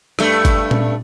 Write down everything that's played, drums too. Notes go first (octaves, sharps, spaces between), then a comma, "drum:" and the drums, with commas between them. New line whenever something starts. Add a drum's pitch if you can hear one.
G2 A3, drum: rim click
drum: kick G1, hi-hat
drum: tom A#2